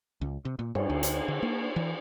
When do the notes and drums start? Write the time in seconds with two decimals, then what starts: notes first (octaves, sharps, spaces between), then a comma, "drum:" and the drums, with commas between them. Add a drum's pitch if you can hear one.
0.21 C#2
0.45 C3
0.59 A#2
0.75 G2, drum: cymbal
0.90 D2
1.03 drum: hi-hat
1.28 D3
1.43 A#3
1.76 E3